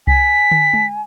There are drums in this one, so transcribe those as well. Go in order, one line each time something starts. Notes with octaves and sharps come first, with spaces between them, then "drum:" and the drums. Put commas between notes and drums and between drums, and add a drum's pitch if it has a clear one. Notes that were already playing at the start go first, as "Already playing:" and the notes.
G#5 B6, drum: kick C2
drum: tom
drum: tom G#3